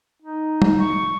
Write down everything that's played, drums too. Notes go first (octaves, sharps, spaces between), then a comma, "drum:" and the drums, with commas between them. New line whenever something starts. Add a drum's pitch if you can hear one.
D#4
drum: tom
C#6